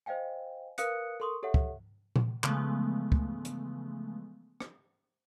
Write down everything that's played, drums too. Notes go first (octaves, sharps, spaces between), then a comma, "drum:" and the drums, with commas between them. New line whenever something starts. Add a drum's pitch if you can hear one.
C5 D#5 F5 G5 G#5
A#4 B4 F5 D#6 F#6 C#7, drum: hi-hat
A4 A#4 C6 C#6 D#6
G4 A4 C#5 E5 F#5
drum: kick
drum: tom A#2
C#3 E3 F3 G#3 A3 B3, drum: clap
drum: kick
drum: hi-hat
drum: rim click